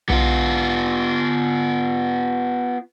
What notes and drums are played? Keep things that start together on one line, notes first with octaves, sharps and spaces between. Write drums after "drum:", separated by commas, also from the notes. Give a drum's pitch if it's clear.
B3 F4, drum: kick B1